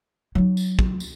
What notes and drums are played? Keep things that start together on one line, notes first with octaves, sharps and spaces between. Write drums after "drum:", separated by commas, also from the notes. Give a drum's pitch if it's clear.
F#3 D#4
drum: tambourine
drum: kick
drum: tambourine